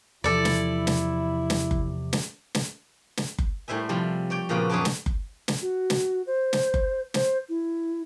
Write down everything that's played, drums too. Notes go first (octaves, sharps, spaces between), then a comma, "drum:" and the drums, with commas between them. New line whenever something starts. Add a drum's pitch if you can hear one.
E2 C3 F3 E4 A4 D5
drum: snare
drum: snare
drum: snare
drum: kick F#1
drum: snare
drum: snare
drum: snare
drum: kick F#1
A2 G3 C5 E5 G#5
C3 F3 G3
C#5 D5 G5
A#2 C#3 F3 B3 F#4 D5
F#2 G#4 B4 C#5 D5 A5
drum: snare
drum: kick F#1
drum: snare
F#4
drum: snare
C5
drum: snare
drum: kick F#1
C5, drum: snare
E4